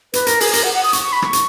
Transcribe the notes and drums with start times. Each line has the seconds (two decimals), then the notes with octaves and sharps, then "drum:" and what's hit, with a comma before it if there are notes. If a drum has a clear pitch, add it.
0.13 B4, drum: hi-hat
0.27 A#4, drum: hi-hat
0.40 G#4, drum: open hi-hat
0.53 A#4, drum: hi-hat
0.63 F#5
0.74 F#5
0.83 D#6
0.93 C#6, drum: hi-hat
1.03 C#6
1.13 B5
1.22 C#6, drum: rim click
1.33 drum: hi-hat